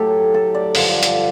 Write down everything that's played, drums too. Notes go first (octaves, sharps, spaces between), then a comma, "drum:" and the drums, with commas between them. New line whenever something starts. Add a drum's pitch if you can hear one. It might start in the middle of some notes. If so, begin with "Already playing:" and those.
Already playing: A2 F#3 G4 A4
A4
D5
G2 D3 F3, drum: open hi-hat
drum: hi-hat